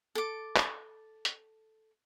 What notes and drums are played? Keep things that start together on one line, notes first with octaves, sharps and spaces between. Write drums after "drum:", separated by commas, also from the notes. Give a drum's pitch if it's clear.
A4 D6
drum: clap
drum: hi-hat